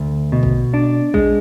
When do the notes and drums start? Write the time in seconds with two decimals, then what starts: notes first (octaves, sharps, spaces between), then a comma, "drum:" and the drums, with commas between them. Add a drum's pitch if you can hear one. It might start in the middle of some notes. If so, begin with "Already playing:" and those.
Already playing: D2
0.32 B2
0.43 drum: kick A#1
0.74 D4
1.14 G#3, drum: kick A#1